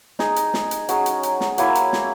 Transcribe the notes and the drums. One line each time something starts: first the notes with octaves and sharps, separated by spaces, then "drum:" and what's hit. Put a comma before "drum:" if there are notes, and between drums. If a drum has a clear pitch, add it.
D#4 G#4 D#5, drum: snare
drum: hi-hat
drum: snare
drum: hi-hat
F#3 C#4 G#4, drum: hi-hat
drum: hi-hat
drum: hi-hat
drum: snare
F#3 A#3 E4, drum: hi-hat
drum: hi-hat
drum: snare